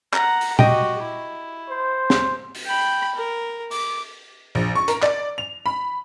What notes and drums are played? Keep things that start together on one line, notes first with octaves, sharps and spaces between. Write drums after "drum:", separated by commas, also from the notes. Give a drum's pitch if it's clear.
F#5 A#5, drum: clap
drum: open hi-hat
F#4 G4 D#5 G5, drum: tom A#2
E4
C5
drum: snare
drum: open hi-hat
G5 B5
A#4
D6, drum: open hi-hat
A#1
C#6
A#4, drum: hi-hat
D5, drum: clap
F7
B5